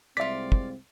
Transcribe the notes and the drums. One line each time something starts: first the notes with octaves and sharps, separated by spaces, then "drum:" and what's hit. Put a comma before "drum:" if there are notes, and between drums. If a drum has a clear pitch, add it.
C2 G#3 C4 F4 D5 E5 B6
drum: kick